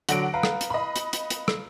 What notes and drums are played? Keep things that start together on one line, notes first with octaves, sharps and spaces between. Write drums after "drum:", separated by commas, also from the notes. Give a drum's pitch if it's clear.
D3 F#3 F#5 A#6 D7, drum: hi-hat
B4 F5 A#5
drum: rim click
drum: hi-hat
D#5 B5
drum: hi-hat
drum: hi-hat
drum: hi-hat
drum: rim click